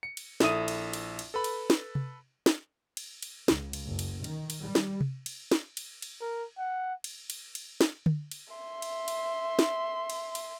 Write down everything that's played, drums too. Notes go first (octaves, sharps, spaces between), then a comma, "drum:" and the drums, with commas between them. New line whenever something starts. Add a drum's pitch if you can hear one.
C#7
drum: cymbal
A#1 E4 A4 E5 D#6 D#7, drum: snare
drum: cymbal
drum: cymbal
drum: cymbal
A4 B4 B5
drum: cymbal
drum: snare
drum: tom C3
drum: snare
drum: cymbal
drum: cymbal
C#2, drum: snare
drum: cymbal
F#1
drum: cymbal
D#3, drum: cymbal
drum: cymbal
G3
drum: snare
drum: tom C3
drum: cymbal
drum: snare
drum: cymbal
drum: cymbal
A#4
F#5
drum: cymbal
drum: cymbal
drum: cymbal
drum: snare
drum: tom D3
drum: cymbal
E5 C6
drum: cymbal
drum: cymbal
drum: snare
drum: cymbal
drum: cymbal